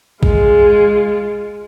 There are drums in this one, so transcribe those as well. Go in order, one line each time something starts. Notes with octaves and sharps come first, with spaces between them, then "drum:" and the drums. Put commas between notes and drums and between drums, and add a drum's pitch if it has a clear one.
G#3 F4, drum: kick A#1